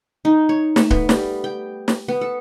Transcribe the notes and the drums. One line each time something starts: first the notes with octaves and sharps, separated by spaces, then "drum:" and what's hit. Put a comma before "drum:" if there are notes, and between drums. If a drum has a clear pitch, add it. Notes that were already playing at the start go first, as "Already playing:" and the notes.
D#4
C#5
A3, drum: snare
B3, drum: kick D1
G3, drum: snare
G5
drum: snare
B3
A4